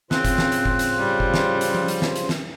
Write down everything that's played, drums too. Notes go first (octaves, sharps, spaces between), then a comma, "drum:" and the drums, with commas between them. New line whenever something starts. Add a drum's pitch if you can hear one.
C#3 C4 F4 C5 F#6, drum: snare
drum: kick F#1, hi-hat
drum: snare
drum: hi-hat
drum: kick F#1
drum: hi-hat
G3
drum: kick F#1
drum: snare
drum: hi-hat
drum: tom F3
drum: hi-hat
drum: snare
drum: hi-hat
drum: snare